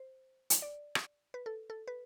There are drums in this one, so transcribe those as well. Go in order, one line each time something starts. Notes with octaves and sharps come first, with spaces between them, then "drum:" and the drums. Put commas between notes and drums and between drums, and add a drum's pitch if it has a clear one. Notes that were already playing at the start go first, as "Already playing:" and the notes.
Already playing: C5
drum: hi-hat
D5
drum: rim click
B4
A4
A4
B4